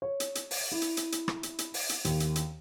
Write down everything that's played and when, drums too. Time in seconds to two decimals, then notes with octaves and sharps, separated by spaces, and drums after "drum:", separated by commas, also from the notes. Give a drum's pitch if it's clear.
0.02 C#5
0.20 drum: hi-hat
0.35 drum: hi-hat
0.51 drum: open hi-hat
0.72 E4
0.82 drum: hi-hat
0.97 drum: hi-hat
1.12 drum: hi-hat
1.28 drum: rim click
1.43 drum: hi-hat
1.59 drum: hi-hat
1.74 drum: open hi-hat
1.89 drum: hi-hat
2.05 D#2, drum: hi-hat
2.20 drum: hi-hat
2.36 drum: hi-hat